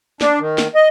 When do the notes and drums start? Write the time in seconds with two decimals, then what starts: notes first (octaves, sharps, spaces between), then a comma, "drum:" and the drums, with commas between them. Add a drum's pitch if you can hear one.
0.21 D4, drum: snare
0.40 D#3
0.58 drum: snare
0.75 D#5